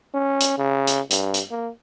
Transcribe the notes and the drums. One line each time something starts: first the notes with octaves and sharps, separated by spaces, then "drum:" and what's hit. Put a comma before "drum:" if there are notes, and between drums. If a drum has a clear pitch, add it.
C#4
drum: hi-hat
C#3
drum: hi-hat
G2, drum: hi-hat
drum: hi-hat
A#3